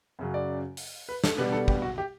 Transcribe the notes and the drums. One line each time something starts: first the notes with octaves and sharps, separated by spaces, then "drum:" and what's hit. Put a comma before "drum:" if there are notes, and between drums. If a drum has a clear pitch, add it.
F#2 C#3 F#3
D5
drum: open hi-hat
B4
A4, drum: snare
B2 G3 B3 D4 B4
A4
G4, drum: kick
F#4
G4